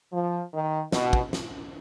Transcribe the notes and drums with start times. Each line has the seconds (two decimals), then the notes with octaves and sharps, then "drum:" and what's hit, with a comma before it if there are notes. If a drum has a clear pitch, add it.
0.13 F3
0.54 D#3
0.92 B2, drum: snare
1.13 drum: kick
1.33 drum: snare